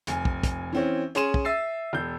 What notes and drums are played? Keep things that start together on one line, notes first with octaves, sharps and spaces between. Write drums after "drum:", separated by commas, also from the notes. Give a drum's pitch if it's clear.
F1 G#5, drum: hi-hat
drum: kick
drum: kick, hi-hat
E3 C4 C#4
C#4 G#4 C6 D#7 E7, drum: hi-hat
drum: kick
E5 E6 A6 C7
E1 G6